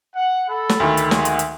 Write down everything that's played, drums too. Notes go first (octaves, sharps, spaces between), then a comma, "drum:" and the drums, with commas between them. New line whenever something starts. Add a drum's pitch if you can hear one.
F#5
A4 B5
drum: snare
D2 D#3
drum: hi-hat
G#3 F#4, drum: snare
drum: hi-hat
drum: hi-hat